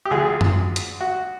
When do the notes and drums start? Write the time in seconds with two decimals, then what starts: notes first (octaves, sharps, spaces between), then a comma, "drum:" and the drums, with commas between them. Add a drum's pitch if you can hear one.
0.05 G4
0.11 D2 D3 F3 G#4
0.41 drum: tom F#2
0.76 drum: hi-hat
1.01 F#4